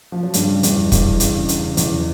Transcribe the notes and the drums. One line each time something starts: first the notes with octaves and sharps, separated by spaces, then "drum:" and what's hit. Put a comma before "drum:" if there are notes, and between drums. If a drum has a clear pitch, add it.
F3
F#3
G2 C#3 G3, drum: hi-hat
E2, drum: hi-hat
E2, drum: kick, hi-hat
C#3, drum: hi-hat
C#3, drum: hi-hat
E2, drum: hi-hat